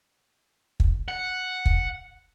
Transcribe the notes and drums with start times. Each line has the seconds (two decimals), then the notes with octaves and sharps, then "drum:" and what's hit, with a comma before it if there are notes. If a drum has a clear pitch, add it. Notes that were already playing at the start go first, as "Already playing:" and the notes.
0.80 drum: kick
1.08 F#5
1.66 drum: kick